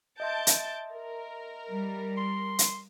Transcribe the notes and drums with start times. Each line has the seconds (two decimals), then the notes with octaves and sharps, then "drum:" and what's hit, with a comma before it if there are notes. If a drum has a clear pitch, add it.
0.20 D#5 E5 A5 C6 G6 D7
0.47 drum: hi-hat
0.94 A#4
1.71 G3
2.17 C6
2.59 drum: hi-hat